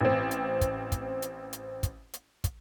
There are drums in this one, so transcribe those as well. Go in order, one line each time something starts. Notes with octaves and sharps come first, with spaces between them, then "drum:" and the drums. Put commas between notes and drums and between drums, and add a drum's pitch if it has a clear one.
A1 C4
drum: hi-hat
drum: kick, hi-hat
drum: kick, hi-hat
drum: hi-hat
drum: hi-hat
drum: kick, hi-hat
drum: hi-hat
drum: kick, hi-hat